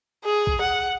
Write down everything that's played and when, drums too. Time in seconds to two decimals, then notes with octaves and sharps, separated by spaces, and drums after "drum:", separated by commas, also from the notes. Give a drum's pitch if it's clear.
0.25 G#4
0.47 drum: kick
0.62 F#5